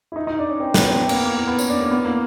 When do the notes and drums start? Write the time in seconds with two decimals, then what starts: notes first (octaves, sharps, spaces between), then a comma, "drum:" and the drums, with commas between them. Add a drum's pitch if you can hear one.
0.12 E4
0.16 D#4
0.27 D#4
0.39 D4
0.49 C#4
0.60 C4
0.74 B3, drum: snare
0.89 C4
1.04 C4
1.09 A#3, drum: cymbal
1.15 B3
1.26 A#3
1.37 A#3
1.47 B3
1.59 C#4, drum: tambourine
1.69 D4
1.80 A#3
1.91 B3
2.05 A#3